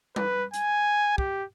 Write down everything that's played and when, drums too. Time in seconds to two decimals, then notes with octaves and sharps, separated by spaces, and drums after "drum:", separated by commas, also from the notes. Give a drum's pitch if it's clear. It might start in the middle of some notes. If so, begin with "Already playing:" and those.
0.16 B4, drum: tom G3
0.54 G#5, drum: hi-hat
1.18 G4, drum: kick